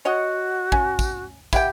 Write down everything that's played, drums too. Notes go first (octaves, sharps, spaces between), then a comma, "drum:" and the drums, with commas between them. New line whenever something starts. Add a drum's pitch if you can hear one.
F#4 C#5 D#5 F#5
C#4, drum: kick
drum: kick, tambourine
E4 G4 F#5 G5, drum: kick, tambourine